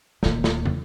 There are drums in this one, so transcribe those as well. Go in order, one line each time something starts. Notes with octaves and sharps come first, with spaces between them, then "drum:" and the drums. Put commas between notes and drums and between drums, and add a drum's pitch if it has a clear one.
D#1 D#2, drum: snare
drum: snare
drum: tom